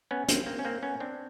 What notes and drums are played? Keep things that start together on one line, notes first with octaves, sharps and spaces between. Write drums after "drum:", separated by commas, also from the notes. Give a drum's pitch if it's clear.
B3 C#4
A#3 C4, drum: hi-hat
A#3 C4
C#4
A#3 C4
B3 C#4
C4 D4